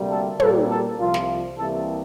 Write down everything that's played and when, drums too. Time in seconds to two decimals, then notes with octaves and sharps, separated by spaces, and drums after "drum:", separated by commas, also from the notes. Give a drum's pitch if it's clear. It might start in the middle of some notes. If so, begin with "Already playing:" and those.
Already playing: D2 C3 G3 A#3
0.11 A4
0.40 A#2 G3 A#3 A4, drum: tom
0.69 A4
0.98 C2 C3 F3 F4
1.14 drum: snare
1.56 C2 C3 E3 G3 A#3 A4